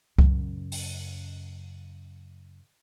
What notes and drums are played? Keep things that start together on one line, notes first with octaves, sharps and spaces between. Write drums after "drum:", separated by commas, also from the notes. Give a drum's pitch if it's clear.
F#2 C#3, drum: kick C2
drum: open hi-hat